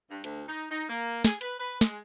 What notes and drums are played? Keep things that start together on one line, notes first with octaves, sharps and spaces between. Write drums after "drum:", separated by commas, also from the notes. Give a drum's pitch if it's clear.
G2
D2, drum: hi-hat
D#4
D#4
A#3
G#4, drum: snare
B4, drum: hi-hat
B4
G#3, drum: snare